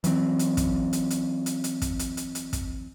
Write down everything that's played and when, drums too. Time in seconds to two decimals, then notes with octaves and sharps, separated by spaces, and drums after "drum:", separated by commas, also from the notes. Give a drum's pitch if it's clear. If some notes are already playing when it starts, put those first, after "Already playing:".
0.04 E3 F#3 G#3 C4, drum: hi-hat
0.39 drum: hi-hat
0.57 drum: kick, hi-hat
0.93 drum: hi-hat
1.10 drum: hi-hat
1.46 drum: hi-hat
1.64 drum: hi-hat
1.82 drum: kick, hi-hat
1.99 drum: hi-hat
2.17 drum: hi-hat
2.35 drum: hi-hat
2.53 drum: kick, hi-hat